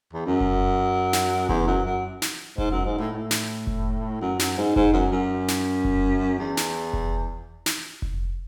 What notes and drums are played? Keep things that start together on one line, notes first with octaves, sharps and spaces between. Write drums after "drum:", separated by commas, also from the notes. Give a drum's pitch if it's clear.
E2
F#2
drum: kick F1
drum: snare
E2, drum: kick F1
F#2
F#2
drum: snare
G#2, drum: kick F1
F#2
G#2
A2
A2
drum: snare
drum: kick F1
F#2
F#2, drum: snare
G#2
G#2, drum: kick F1
F#2
F#2
drum: snare
drum: kick F1
E2
drum: snare
drum: kick F1
drum: snare
drum: kick F1